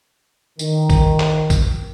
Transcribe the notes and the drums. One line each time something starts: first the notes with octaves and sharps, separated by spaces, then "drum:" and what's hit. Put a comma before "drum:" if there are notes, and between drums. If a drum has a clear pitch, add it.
D#3, drum: tambourine
drum: kick A1, tambourine
drum: clap
drum: kick A1, tambourine